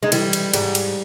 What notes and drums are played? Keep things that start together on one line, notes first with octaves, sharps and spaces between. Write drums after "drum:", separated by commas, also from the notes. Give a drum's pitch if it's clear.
G#3 D#4
E3 G3 E4, drum: cymbal
drum: cymbal
G#2 G3 G4, drum: cymbal
drum: cymbal